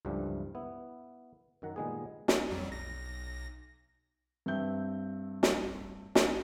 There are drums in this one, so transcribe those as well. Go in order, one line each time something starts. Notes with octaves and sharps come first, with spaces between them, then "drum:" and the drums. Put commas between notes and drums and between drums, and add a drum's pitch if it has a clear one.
C#2 G2 E3 F3 G3 A3
B3 E4
F#2 D#3 F#5 A#5
A#2 D#3 G3 G#3 B3 G#4
drum: snare
F2 F#3 G3
B1 A#6
G2 C4 E5 G6
drum: snare
drum: snare